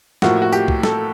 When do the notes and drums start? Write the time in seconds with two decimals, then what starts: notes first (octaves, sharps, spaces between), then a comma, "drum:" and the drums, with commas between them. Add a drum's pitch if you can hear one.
0.22 A2 F3 A#3 F#4, drum: snare
0.42 F#4
0.52 G4, drum: tambourine
0.68 drum: kick C2
0.83 A4, drum: snare